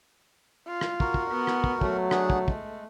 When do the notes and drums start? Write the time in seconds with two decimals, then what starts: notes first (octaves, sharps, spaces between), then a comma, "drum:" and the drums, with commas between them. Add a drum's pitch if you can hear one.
0.68 F4
0.81 drum: rim click
1.00 F#4 A#4, drum: kick
1.14 drum: kick
1.31 B3
1.47 drum: rim click
1.64 drum: kick
1.81 F#3 A3, drum: kick
2.11 D4 G#4 F#5, drum: rim click
2.30 drum: kick
2.48 G#3, drum: kick